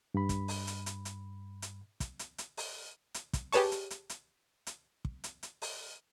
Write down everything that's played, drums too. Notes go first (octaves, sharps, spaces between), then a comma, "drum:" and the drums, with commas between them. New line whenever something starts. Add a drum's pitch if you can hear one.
G2 B5
drum: kick, hi-hat
drum: open hi-hat
drum: hi-hat
drum: hi-hat
drum: hi-hat
drum: hi-hat
drum: kick, hi-hat
drum: hi-hat
drum: hi-hat
drum: open hi-hat
drum: hi-hat
drum: kick, hi-hat
G4 G#4 B4 C#5 A5 C#6, drum: open hi-hat
drum: hi-hat
drum: hi-hat
drum: hi-hat
drum: hi-hat
drum: kick
drum: hi-hat
drum: hi-hat
drum: open hi-hat